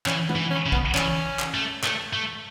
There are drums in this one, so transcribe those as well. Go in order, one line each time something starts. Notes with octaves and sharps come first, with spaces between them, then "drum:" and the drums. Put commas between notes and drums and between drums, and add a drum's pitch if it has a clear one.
E3 C#4, drum: clap
B3, drum: tom
E3
C#4
C#3
B3, drum: kick
E3 C#4, drum: clap
drum: clap
A3
A3, drum: clap
A3